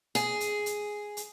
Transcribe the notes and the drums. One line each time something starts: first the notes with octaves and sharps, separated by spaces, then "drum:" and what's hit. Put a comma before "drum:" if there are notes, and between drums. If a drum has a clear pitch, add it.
G#4, drum: hi-hat
drum: hi-hat
drum: hi-hat
drum: hi-hat